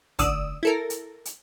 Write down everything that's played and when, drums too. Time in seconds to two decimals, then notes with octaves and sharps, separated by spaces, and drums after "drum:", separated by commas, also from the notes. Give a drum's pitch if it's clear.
0.19 A1 D3 D5 D#6 E6, drum: kick, hi-hat
0.63 E4 A4 A#4
0.90 drum: hi-hat
1.25 drum: hi-hat